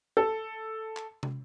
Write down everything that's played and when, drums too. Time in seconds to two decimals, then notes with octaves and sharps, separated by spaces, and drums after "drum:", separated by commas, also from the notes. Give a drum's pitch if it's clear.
0.17 A4
0.97 drum: clap
1.23 drum: tom